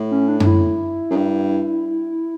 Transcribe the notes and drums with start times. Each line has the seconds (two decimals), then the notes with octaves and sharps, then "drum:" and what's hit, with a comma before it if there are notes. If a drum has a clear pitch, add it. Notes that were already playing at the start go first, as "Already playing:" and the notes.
Already playing: A2
0.11 C#4
0.28 D4
0.40 D4, drum: tom F#2
0.47 E4
1.10 F#2
1.16 G2